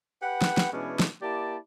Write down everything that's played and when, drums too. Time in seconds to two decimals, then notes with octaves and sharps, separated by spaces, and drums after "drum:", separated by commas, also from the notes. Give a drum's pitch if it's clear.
0.22 G4 B4 F#5
0.42 drum: snare
0.57 drum: snare
0.73 B2 E3 G#3 C#4 D4
0.99 drum: snare
1.22 A#3 E4 G4 D5 A5